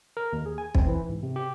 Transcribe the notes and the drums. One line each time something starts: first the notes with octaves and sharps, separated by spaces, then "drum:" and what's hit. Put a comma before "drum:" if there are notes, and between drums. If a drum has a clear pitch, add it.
A#4
D#2
G#4
G#5
C4, drum: kick
E3
G#2
C3
G4